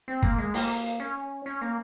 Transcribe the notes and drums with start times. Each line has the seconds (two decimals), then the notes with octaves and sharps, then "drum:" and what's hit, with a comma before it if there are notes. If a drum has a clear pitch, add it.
0.08 C4
0.22 A#3, drum: kick
0.38 G#3
0.54 A#3, drum: open hi-hat
1.00 C#4
1.46 C#4
1.61 A#3